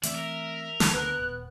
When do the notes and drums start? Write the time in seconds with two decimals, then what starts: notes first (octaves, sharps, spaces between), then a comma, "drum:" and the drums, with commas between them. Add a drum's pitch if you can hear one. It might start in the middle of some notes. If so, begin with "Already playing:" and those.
0.03 E3 A3 C4 D5 E5, drum: hi-hat
0.15 A#4
0.80 A4, drum: snare
0.94 D2 B3 F#6
1.19 D#1